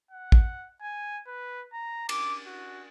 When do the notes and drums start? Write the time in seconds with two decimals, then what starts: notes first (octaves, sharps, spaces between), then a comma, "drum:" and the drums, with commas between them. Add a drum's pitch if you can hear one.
0.11 F#5
0.32 drum: kick
0.82 G#5
1.27 B4
1.73 A#5
2.09 D6, drum: cymbal
2.46 F#4